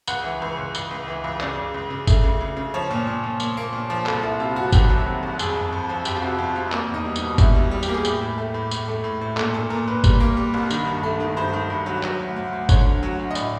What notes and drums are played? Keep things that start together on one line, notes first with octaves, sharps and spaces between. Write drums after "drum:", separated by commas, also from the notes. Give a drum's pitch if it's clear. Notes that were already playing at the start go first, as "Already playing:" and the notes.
C#2 F#5, drum: tambourine
E3
C#2
C#2
C#2, drum: tambourine
C#2
E3
C#2
C#3 D5, drum: clap
C#3
C#2
C#3
A3, drum: kick G1, tambourine
C#3
C#3
C#3
F3 C#5
A#2
A#2
A#2
A#2, drum: tambourine
A#3
A#2
F3
C2 A4, drum: clap
C2 E4
C3 F4
C2 F#4
D#3 G4, drum: kick G1, tambourine
F#3
C3
C2
F2 G#4, drum: tambourine
F2
F2
F3
F2 G4, drum: tambourine
F4
C3 F#4
F2 F4
C3 F4
A#3, drum: clap
E2
D#4
G3
D#4, drum: tambourine
B2
E2 E4, drum: kick G1, tambourine
G3
G3
G4, drum: tambourine
A#3
G#4
A2 G4, drum: tambourine
A2
A3
A2
A2, drum: tambourine
A3
A2
A2
A#2 A4, drum: clap
A#2 A4
A#2 A#4
A#2 B4
G3, drum: kick G1, tambourine
A#3
G3
C2
D#3, drum: tambourine
G2
A3
D#3
G2 C5
D#3
G2
F#3
F#3, drum: clap
D2
D2
D2
D3 C#5, drum: kick G1, tambourine
D2
F#3
D2
D#5
A2 D5, drum: tambourine